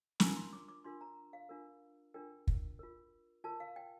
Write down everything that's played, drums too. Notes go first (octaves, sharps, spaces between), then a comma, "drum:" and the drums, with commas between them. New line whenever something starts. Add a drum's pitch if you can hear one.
D4 F4 A#4 A#5, drum: snare
C6
D6
D6
D4 F4 A#4 C6
A#5
F5
D4 F4 A#4
D4 F4 A#4 G5
drum: kick
F4 A#4
F4 A#4 A5
F5
G5